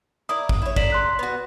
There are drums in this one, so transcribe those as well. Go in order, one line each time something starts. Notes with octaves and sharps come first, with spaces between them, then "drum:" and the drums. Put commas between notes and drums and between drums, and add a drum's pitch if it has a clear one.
E4 A#4 D5 D#6
drum: kick
E4 C#5
D3 D5 A#5 B6 E7 F#7, drum: kick
C6 F#6 B6
B3 F#4